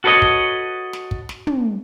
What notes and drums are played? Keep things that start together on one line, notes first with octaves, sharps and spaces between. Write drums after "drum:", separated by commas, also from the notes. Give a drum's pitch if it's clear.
F#4 A4 B4 C#5 D#5
drum: kick
drum: snare
drum: kick
drum: snare
drum: tom